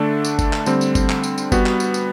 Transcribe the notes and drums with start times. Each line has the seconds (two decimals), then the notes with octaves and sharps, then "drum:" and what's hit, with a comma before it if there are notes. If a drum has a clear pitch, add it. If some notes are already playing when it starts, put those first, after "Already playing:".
Already playing: D3 A3 D4 A4
0.25 drum: tambourine
0.39 drum: kick, tambourine
0.53 drum: clap
0.66 D3 G3 C4, drum: tambourine
0.81 drum: tambourine
0.95 drum: kick, tambourine
1.09 drum: clap
1.24 drum: tambourine
1.38 drum: tambourine
1.52 G3 B3 F#4, drum: kick, tambourine
1.66 drum: clap
1.80 drum: tambourine
1.94 drum: tambourine